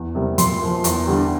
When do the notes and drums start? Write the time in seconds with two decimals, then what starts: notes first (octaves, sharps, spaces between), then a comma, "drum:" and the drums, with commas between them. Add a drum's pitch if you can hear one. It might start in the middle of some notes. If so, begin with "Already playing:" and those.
Already playing: E2
0.15 C3 G3 A#3
0.38 A#2 C6, drum: hi-hat
0.62 F3 A#3
0.84 E2, drum: hi-hat
1.07 D3 G3